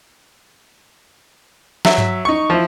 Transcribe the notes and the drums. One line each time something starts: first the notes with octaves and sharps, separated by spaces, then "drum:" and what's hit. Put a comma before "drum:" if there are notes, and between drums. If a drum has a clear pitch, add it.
F#3 E5, drum: snare
drum: tom G2
D#4 C#6
F3 E4